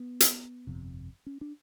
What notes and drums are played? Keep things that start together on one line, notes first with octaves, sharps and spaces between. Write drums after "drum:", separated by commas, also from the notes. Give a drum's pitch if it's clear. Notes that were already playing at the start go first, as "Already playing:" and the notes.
Already playing: B3
drum: hi-hat
G1 F2 C3
C#4
D4